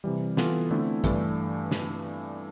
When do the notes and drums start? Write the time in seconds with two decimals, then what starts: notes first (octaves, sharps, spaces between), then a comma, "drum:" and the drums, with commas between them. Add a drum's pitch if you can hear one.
0.04 C3 E3 G3
0.37 E3 B3 F4 A4, drum: snare
0.71 D3 A3 C4 E4
1.04 G2 E3 A3 D4, drum: kick, hi-hat
1.71 drum: snare